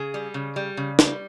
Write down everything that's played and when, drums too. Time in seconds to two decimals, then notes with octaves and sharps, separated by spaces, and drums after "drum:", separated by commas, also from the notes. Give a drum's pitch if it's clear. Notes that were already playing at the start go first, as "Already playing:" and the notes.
Already playing: C#3 G#4
0.14 G3
0.34 C#3
0.56 G3
0.77 C#3
0.99 G3, drum: snare